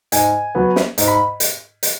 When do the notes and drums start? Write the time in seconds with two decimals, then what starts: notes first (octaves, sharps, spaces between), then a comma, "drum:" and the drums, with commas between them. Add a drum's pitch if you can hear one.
0.12 G#2 G#5, drum: hi-hat
0.55 F#3 B3
0.76 drum: snare
0.98 G#2, drum: hi-hat
1.08 B5
1.40 drum: hi-hat
1.83 drum: hi-hat